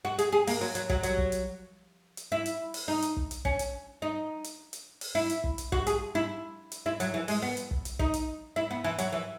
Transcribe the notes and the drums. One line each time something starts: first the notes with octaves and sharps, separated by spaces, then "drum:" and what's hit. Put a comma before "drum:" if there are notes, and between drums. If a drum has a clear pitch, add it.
F#4
G#4, drum: hi-hat
G#4
A#3, drum: open hi-hat
F#3
F#3, drum: hi-hat
F#3, drum: kick
F#3, drum: hi-hat
drum: kick
drum: hi-hat
drum: hi-hat
E4
drum: hi-hat
drum: open hi-hat
D#4
drum: hi-hat
drum: kick
drum: hi-hat
C#4, drum: kick
drum: hi-hat
D#4
drum: hi-hat
drum: hi-hat
drum: open hi-hat
E4
drum: hi-hat
drum: kick
drum: hi-hat
F#4, drum: kick
G#4, drum: hi-hat
E4
drum: hi-hat
E4
F#3, drum: hi-hat
E3
G#3, drum: open hi-hat
B3
drum: hi-hat
drum: kick
drum: hi-hat
D#4, drum: kick
drum: hi-hat
E4
B3
E3
F#3, drum: hi-hat
E3